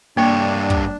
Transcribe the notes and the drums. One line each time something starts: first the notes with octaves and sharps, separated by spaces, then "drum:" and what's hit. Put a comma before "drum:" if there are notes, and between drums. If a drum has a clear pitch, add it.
G2 A#3 D4 C#5 G5
drum: kick